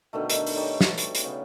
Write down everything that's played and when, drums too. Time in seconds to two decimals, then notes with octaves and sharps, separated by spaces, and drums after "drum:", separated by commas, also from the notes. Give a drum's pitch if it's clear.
0.13 B2 D3 D#3 A3
0.30 D#3, drum: hi-hat
0.47 drum: open hi-hat
0.56 D#4 G4 C#5 D5
0.81 drum: snare
0.98 drum: hi-hat
1.15 drum: hi-hat
1.24 C#3 B3